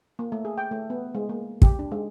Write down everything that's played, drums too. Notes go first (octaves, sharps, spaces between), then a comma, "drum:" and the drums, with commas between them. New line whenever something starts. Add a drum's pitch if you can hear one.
A#3
A3
G#4
G5
A3
B3
G#3
A#3
G4, drum: kick
D4
G#3